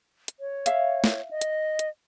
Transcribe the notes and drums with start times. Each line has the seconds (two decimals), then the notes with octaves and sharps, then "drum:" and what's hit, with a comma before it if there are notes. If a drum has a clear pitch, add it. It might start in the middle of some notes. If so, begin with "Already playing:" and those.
0.28 drum: hi-hat
0.40 C#5
0.66 E5 F5, drum: hi-hat
1.04 drum: snare
1.31 D#5
1.41 drum: hi-hat
1.79 drum: hi-hat